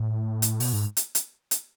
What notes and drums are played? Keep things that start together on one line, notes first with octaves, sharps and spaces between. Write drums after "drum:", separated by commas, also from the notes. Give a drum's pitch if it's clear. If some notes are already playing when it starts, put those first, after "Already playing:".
Already playing: A2
drum: hi-hat
B2, drum: open hi-hat
G#2
drum: hi-hat
drum: hi-hat
drum: hi-hat